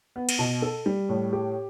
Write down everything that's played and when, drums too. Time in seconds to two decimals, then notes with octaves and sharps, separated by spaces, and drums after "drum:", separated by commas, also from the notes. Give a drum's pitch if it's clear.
0.16 B3
0.29 drum: cymbal
0.39 B2
0.62 A4
0.86 G3
1.09 A2
1.33 G4